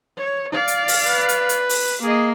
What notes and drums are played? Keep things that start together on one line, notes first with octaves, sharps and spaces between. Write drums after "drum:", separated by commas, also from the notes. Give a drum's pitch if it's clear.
C#5
D5 F5
drum: hi-hat
drum: open hi-hat
B4
drum: hi-hat
drum: hi-hat
drum: open hi-hat
A#3 G#4 D#5